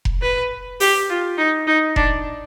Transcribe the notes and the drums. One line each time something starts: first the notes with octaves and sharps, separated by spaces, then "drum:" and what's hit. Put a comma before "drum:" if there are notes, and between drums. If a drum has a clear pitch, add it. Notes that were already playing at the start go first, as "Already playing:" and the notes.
drum: kick F1
B4
G4, drum: open hi-hat
F4
D#4
D#4
D4, drum: kick F1